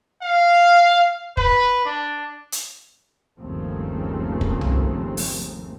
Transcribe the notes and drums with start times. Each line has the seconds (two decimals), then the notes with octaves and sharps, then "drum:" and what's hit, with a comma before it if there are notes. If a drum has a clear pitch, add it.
0.22 F5
1.37 B4, drum: kick
1.85 D4
2.52 drum: hi-hat
3.39 G1 D#2 C#3 F3 A3 C4
4.41 drum: kick
4.61 drum: tom C2
5.17 drum: open hi-hat